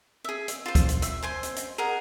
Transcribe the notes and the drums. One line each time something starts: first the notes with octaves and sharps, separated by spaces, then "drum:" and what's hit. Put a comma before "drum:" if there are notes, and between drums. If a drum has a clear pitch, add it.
G#4 E5
drum: hi-hat
F4 C5
drum: kick, hi-hat
drum: hi-hat
E5, drum: hi-hat
C5 G#5 C6
drum: hi-hat
drum: hi-hat
G#4 A#4 D#5 F#5